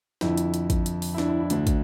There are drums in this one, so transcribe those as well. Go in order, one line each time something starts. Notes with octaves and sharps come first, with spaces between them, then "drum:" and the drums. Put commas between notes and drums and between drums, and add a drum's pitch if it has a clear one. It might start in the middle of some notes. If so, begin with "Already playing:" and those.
F2 D3 E4, drum: snare
drum: hi-hat
drum: hi-hat
drum: kick, hi-hat
drum: hi-hat
drum: open hi-hat
E4
D4, drum: snare
E4
E4
D2 D3 D4, drum: hi-hat
drum: kick, hi-hat